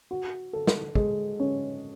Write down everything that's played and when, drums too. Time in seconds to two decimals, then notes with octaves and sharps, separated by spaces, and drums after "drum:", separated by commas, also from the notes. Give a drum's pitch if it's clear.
0.11 F#4
0.53 A4
0.67 drum: snare
0.95 G#3, drum: kick
1.40 C#4